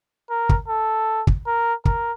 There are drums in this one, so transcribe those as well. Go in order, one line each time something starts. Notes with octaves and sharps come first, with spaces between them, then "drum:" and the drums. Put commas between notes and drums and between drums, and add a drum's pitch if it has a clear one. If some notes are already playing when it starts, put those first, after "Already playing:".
A#4
drum: kick
A4
drum: kick
A#4
A#4, drum: kick